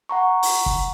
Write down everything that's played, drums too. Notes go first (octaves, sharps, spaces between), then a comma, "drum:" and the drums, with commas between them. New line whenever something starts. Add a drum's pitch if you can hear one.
F#5 A#5 C#6
drum: open hi-hat
drum: kick